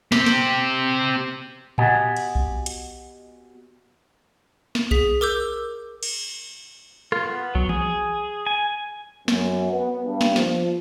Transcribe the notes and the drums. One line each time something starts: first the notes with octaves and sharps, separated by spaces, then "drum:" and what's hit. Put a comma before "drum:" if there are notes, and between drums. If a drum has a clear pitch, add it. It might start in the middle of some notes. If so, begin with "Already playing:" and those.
C4 G4, drum: snare
drum: snare
B3 F#4 G4 D#5 F#5 G#5, drum: tom A2
drum: cymbal
drum: kick B1
drum: hi-hat
drum: snare
G#4 B6, drum: kick B1
A#4 D6 E6 G6
drum: cymbal
F4, drum: rim click
B3
F#3, drum: kick B1
G#4, drum: tom
G#5
F#2, drum: snare
B3
G2
drum: snare
F3, drum: snare